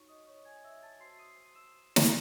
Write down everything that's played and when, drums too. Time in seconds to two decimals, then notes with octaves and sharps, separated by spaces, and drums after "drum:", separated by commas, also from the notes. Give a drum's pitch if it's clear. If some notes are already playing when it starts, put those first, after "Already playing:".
Already playing: D#4 F#4 C#5 C#6
0.08 D#5 D#6
0.27 C#5 C#6
0.45 G#5 G#6
0.64 E5 E6
0.83 A5 A6
1.00 F#4 C5 C6 C7
1.19 D#6 D#7
1.55 E6 E7
1.96 drum: snare